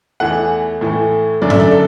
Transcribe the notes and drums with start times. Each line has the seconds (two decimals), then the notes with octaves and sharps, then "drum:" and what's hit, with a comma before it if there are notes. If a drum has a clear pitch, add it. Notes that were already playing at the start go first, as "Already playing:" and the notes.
0.20 E2 E3 A3 F#5
0.81 A2 E3 A3
1.41 F#2 D3 F#3 A3 D5
1.50 E5, drum: tom G2
1.60 D5
1.71 A4